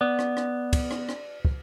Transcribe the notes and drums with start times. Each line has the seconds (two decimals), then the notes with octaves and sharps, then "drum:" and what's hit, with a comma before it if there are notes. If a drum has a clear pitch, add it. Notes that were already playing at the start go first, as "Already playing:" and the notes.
0.01 B3 D5
0.19 drum: rim click
0.37 drum: rim click
0.73 drum: kick, cymbal
0.91 drum: rim click
1.09 drum: rim click
1.45 drum: kick